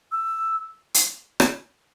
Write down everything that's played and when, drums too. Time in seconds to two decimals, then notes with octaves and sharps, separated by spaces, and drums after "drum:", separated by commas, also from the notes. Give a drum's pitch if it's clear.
0.12 E6
0.94 drum: hi-hat
1.40 drum: rim click